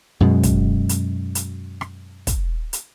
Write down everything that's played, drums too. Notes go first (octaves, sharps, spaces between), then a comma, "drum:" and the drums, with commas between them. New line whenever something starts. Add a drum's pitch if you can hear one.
F#2 B2 G#3
drum: kick, hi-hat
drum: hi-hat
drum: hi-hat
drum: rim click
drum: kick, hi-hat
drum: hi-hat